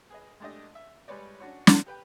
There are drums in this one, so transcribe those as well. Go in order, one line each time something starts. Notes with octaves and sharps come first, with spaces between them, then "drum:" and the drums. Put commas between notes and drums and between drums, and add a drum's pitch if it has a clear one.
G#4 B4 D#5
G#3 A3 D4 G4 D#5
E5
G3 G#3 B4 C#5 D5
C#4 D4 F#4 C#5
drum: snare
G4 B4 G5